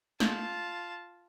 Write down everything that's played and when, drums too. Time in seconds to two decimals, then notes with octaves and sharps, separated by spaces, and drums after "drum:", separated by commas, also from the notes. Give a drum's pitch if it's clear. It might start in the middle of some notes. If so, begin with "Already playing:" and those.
0.20 F4 A5, drum: snare